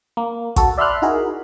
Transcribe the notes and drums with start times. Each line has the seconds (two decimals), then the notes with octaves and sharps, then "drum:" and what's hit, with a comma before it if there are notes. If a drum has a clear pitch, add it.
0.17 A#3
0.56 F#4 A4, drum: kick, hi-hat
0.78 D5 E5 B5 C6 F6 F#6
1.02 D#4 E4 F#4 G#4 A#4